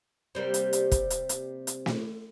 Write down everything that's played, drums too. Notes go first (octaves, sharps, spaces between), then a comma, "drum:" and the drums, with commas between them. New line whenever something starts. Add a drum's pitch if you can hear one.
C3 G3 A#3
drum: hi-hat
drum: hi-hat
drum: kick, hi-hat
drum: hi-hat
drum: hi-hat
drum: hi-hat
drum: snare